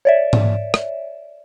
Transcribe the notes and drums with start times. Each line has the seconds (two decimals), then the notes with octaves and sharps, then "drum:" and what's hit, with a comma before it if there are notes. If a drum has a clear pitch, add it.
0.05 C#5 D5 E5
0.33 drum: tom G#2
0.74 drum: rim click